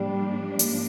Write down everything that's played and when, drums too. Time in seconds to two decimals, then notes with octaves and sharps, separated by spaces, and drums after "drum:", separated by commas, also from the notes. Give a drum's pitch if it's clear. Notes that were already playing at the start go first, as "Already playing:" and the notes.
Already playing: G#2 F3 G3 A#3 D4
0.59 drum: hi-hat